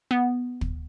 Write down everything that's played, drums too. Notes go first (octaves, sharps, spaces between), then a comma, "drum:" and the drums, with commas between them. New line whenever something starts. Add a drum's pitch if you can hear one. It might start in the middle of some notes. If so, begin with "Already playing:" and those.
B3
drum: kick